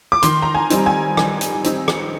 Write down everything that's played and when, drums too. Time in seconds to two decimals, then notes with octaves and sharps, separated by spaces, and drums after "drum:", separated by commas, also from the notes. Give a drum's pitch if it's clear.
0.12 D6
0.23 D#3 C6, drum: hi-hat
0.42 A#5
0.55 G#5
0.70 G3 C4 D#4, drum: hi-hat
0.86 G#5
1.17 D#3, drum: rim click
1.41 drum: hi-hat
1.64 G3 C4 D#4, drum: hi-hat
1.88 drum: rim click